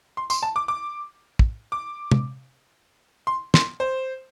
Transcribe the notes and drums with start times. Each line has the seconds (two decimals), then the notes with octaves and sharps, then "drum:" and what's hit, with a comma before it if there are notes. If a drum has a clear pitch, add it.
0.17 C6
0.30 C6, drum: tambourine
0.43 A5
0.56 D6
0.68 D6
1.39 drum: kick
1.72 D6
2.11 drum: tom
3.27 C6
3.54 C6, drum: snare
3.80 C5